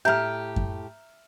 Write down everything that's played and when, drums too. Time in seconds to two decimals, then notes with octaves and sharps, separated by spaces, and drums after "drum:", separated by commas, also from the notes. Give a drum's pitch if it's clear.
0.05 A2 G4 E5 A#5 F6 G6
0.56 drum: kick F#2